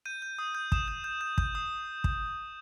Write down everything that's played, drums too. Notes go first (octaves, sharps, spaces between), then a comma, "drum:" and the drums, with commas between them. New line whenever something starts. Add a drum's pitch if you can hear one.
G6 D#7
G6
D#6
G6
D#6 E7, drum: kick
G6
G6
G6
G6, drum: kick
D#6
drum: kick